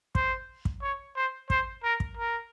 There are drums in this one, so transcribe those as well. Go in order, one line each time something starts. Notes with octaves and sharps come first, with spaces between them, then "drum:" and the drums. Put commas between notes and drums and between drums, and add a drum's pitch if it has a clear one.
C5, drum: kick
drum: kick
C#5
C5
C5, drum: kick
A#4
drum: kick
A#4